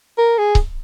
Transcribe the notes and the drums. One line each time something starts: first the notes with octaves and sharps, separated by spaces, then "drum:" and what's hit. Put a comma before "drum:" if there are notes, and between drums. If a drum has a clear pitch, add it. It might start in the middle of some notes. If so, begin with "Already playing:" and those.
A#4
G#4
drum: kick C#1